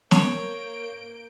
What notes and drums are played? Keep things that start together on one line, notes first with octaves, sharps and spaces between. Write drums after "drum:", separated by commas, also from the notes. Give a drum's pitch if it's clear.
A#3 C#5 G6 D7, drum: snare